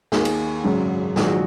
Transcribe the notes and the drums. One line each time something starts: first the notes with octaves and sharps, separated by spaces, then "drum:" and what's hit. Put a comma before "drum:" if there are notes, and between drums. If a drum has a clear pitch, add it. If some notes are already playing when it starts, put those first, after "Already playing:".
D#2 D#3 A#3 G#4, drum: snare
drum: cymbal
G#1 F#2 C#3 F#3
A#1 G#2 D#3 F#3 G#4, drum: snare
F#4